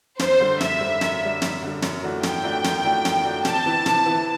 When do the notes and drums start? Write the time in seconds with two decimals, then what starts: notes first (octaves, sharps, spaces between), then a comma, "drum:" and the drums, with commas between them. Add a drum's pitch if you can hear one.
0.19 F#2 C5, drum: snare
0.40 D3 G3
0.61 F#2 E5, drum: snare
0.81 D3 G3
1.01 F#2 E5, drum: snare
1.22 D3 G3
1.42 F#2, drum: snare
1.62 D3 G3
1.82 F#2, drum: snare
2.03 E3 A3 D4 F#4
2.23 F#2 G5, drum: snare
2.44 E3 A3 D4 F#4
2.64 F#2, drum: snare
2.84 E3 A3 D4 F#4
3.05 F#2, drum: snare
3.25 E3 A3 D4 F#4
3.45 C3 A5, drum: snare
3.66 E3 B3 E4
3.86 C3, drum: snare
4.06 E3 B3 E4